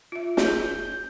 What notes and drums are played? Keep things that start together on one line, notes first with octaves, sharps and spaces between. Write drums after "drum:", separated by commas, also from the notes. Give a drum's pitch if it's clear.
F4 E5
C#4 G#4 G6, drum: snare